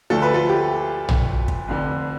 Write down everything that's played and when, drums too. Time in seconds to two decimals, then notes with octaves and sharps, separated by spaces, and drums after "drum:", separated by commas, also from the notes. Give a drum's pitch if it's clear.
0.10 D2 D3 F3 A3 A4
0.22 B4
0.34 F4 A4
0.49 G4
1.09 drum: tom
1.48 drum: kick
1.68 F1 F2 D3